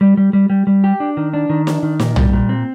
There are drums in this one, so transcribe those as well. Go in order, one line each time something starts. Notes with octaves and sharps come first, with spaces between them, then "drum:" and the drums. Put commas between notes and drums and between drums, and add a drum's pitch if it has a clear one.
G3
G3
G3
G3
G3
G4
D4
D#3
D4
D#3
D4, drum: snare
D#3
A#2, drum: snare
G3, drum: tom
A#2
C4